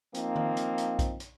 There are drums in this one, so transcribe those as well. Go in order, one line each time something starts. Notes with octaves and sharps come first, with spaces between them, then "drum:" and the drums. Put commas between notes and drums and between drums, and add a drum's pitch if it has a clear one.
F3 A#3 C4 D#4, drum: hi-hat
drum: tom D#3
drum: hi-hat
drum: hi-hat
drum: kick A#1, hi-hat
drum: hi-hat